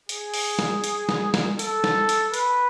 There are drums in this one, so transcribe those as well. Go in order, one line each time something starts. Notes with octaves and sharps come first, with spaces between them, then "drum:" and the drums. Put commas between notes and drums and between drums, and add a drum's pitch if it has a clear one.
G#4, drum: hi-hat
drum: open hi-hat
drum: snare
drum: hi-hat
drum: snare
drum: snare
A4, drum: hi-hat
drum: snare
drum: hi-hat
B4, drum: hi-hat